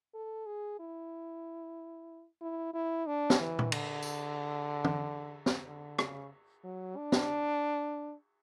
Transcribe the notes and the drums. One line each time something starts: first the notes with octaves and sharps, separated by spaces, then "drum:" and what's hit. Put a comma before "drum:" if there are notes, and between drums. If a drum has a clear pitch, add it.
A4
G#4
E4
E4
E4
D4
drum: snare
E3
drum: tom A#2
D3, drum: cymbal
drum: tambourine
drum: tom
drum: snare
D3
C#3, drum: rim click
F#3
D4
drum: snare